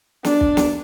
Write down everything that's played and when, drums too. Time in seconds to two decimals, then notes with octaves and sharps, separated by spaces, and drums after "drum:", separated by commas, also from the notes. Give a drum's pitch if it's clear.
0.24 D4, drum: snare
0.41 drum: kick
0.57 drum: snare